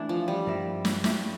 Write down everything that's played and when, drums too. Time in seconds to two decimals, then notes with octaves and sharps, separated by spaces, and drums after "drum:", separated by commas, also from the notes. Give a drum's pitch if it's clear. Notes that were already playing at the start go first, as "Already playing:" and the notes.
Already playing: E3 A3 D4 E4
0.09 F3
0.28 G3
0.46 G2 F3 A#3 E4 G4
0.85 drum: snare
1.04 A3 E4 G4, drum: snare